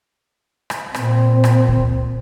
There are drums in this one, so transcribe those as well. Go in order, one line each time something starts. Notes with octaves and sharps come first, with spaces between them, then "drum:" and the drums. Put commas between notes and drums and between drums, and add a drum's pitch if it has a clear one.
drum: rim click
A#2 C4, drum: rim click
drum: rim click
drum: kick C#2